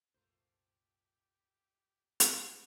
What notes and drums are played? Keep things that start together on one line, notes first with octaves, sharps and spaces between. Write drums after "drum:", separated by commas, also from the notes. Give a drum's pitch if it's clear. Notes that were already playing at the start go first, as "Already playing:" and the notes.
C2 F#2 A#2 A3 F4 G4 A#4 C5
drum: hi-hat